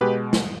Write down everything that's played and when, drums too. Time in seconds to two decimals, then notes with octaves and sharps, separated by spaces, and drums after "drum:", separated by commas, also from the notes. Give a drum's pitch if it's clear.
0.01 B2 G#3 G4 B4
0.33 drum: snare